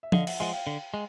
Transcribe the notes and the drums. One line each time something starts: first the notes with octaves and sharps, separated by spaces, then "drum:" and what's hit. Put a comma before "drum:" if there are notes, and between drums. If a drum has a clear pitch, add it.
E5
D3 D#5 F5, drum: tom F3
E5 F#5, drum: cymbal
F3 G#3 E5 F#5
F5 G5
D3
G#3